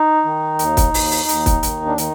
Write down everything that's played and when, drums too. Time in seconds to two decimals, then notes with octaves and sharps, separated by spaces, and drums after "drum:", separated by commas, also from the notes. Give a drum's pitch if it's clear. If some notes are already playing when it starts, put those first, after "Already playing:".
Already playing: D#4
0.25 D#3
0.59 D#2, drum: hi-hat
0.77 drum: kick, hi-hat
0.94 D#2, drum: open hi-hat
1.11 drum: open hi-hat
1.29 D#2, drum: hi-hat
1.46 drum: kick, hi-hat
1.63 D#3, drum: hi-hat
1.87 D4
1.98 D#3 D#4, drum: hi-hat